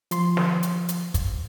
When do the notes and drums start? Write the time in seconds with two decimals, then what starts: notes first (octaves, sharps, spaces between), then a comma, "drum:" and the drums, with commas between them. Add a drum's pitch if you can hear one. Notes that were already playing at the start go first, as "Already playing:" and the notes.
0.11 F3 C6, drum: hi-hat
0.37 drum: snare
0.63 drum: hi-hat
0.89 drum: hi-hat
1.14 drum: kick, hi-hat